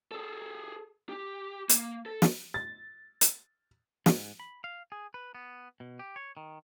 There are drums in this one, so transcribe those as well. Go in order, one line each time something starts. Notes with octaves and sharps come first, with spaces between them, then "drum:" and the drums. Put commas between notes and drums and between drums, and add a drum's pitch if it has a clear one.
G#4 A4
G4
A#3, drum: hi-hat
A4
drum: snare
A6
drum: hi-hat
G#2, drum: snare
B5
F5
G#4
B4
B3
B2
G4
C#5
D#3